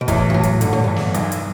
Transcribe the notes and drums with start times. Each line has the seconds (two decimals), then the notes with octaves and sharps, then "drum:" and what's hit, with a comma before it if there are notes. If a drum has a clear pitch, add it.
0.01 B2
0.08 E2 A2, drum: kick, hi-hat
0.30 G2
0.34 A2 F#3
0.43 drum: hi-hat
0.61 G2 D3, drum: hi-hat
0.73 A2
0.84 E2 G2
0.96 drum: snare
1.14 B1, drum: hi-hat
1.32 drum: hi-hat